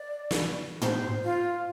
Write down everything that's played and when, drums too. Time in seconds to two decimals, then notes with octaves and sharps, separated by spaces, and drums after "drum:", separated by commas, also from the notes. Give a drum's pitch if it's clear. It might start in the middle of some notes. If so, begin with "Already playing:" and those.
Already playing: D5
0.31 drum: snare
0.82 C5, drum: tom
1.23 F4